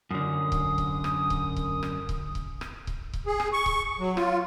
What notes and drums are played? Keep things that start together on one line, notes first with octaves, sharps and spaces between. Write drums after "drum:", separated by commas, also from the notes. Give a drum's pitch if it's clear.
F#2 D3 D#6
drum: kick C#1
drum: kick C#1
drum: rim click
drum: kick C#1
drum: kick C#1
drum: rim click
drum: kick C#1
drum: kick C#1
drum: rim click
drum: kick C#1
drum: kick C#1
G#4
drum: rim click
C#6
drum: kick C#1
F#3
F4, drum: rim click